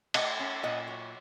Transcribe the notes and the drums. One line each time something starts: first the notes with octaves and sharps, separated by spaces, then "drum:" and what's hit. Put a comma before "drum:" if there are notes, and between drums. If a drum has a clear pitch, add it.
A3 D#5 F#5, drum: cymbal
C#4
A#2 D#5 F#5
F#3